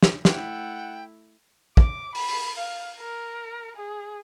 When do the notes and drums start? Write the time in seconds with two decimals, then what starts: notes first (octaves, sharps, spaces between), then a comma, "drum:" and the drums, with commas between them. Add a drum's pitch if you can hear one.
0.03 drum: snare
0.25 A3 E4 F#5 G5, drum: snare
1.77 D6, drum: kick
2.15 B5, drum: open hi-hat
2.28 drum: open hi-hat
2.58 F5
2.99 A#4
3.76 G#4